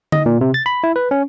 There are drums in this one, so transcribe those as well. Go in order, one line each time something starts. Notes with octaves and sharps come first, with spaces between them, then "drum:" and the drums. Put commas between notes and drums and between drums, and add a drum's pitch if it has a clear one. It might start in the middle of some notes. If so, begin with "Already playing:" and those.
D#5, drum: tom D3
A#2
C3
A6
B5
E4
B4
C#4